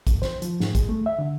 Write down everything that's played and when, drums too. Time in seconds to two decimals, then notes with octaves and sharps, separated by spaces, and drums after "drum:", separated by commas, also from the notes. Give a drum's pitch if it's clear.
0.07 drum: kick, hi-hat
0.22 C5, drum: snare
0.42 F3, drum: hi-hat
0.60 G#2, drum: snare
0.75 G#3, drum: kick, hi-hat
0.89 A3
1.06 E5
1.19 D3